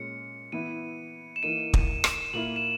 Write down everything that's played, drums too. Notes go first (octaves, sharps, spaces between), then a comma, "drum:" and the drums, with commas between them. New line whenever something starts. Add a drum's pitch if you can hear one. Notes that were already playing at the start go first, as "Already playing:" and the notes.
Already playing: A#2 G#3 C#4 C#7
E3 B3 E4 D#7
E7
E3 A#3 D#4 D#7
drum: kick
drum: rim click
A#2 A#3 E4 F#7
E7